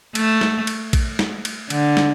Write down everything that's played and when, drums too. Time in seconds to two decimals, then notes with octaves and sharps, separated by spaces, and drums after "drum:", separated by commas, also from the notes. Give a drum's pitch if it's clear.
0.15 A3, drum: cymbal
0.41 drum: snare
0.67 drum: cymbal
0.93 drum: kick A#1, cymbal
1.19 drum: snare
1.45 drum: cymbal
1.70 D3, drum: cymbal
1.97 drum: snare